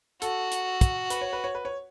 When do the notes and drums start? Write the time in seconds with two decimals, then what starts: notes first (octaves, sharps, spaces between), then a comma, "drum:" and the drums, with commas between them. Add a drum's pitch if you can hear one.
0.22 F#4 A4, drum: hi-hat
0.52 drum: hi-hat
0.81 drum: kick, hi-hat
1.10 B4, drum: hi-hat
1.21 C#5
1.33 B4
1.44 C#5
1.55 B4
1.65 C#5